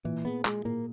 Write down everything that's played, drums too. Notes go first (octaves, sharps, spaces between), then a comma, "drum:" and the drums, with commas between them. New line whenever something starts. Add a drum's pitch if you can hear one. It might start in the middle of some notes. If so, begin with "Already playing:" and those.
A#2 E3
B3 G#4
G#3 G#4, drum: clap
A#2 A#3